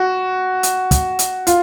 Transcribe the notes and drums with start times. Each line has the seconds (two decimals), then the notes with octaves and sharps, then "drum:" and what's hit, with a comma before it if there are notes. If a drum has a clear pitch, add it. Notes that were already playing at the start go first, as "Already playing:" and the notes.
Already playing: F#4
0.63 drum: hi-hat
0.91 drum: kick, hi-hat
1.19 drum: hi-hat
1.47 F4, drum: hi-hat